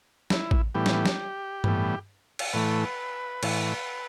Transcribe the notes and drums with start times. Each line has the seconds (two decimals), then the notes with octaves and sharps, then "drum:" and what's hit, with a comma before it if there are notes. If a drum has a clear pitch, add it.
0.30 E4, drum: snare
0.51 drum: kick A1
0.75 A2 E3 G3 B3 G4
0.86 drum: snare
1.06 drum: snare
1.64 A2 E3 G3 B3, drum: tom G2
2.39 drum: cymbal
2.53 A2 E3 A3 B4
3.43 A2 E3, drum: cymbal